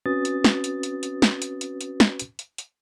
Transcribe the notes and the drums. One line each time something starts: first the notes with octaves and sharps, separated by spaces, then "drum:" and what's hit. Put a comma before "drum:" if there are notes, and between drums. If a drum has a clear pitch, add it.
C4 C#4 F#4 B4 D#6 A6
drum: hi-hat
drum: snare
drum: hi-hat
drum: hi-hat
drum: hi-hat
drum: snare
drum: hi-hat
drum: hi-hat
drum: hi-hat
drum: snare
drum: hi-hat
drum: hi-hat
drum: hi-hat